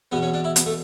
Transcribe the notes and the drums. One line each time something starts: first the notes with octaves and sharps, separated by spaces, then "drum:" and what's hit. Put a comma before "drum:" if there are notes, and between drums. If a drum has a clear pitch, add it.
E2 B2 B3
C#4
D4
E4
B3, drum: hi-hat
A3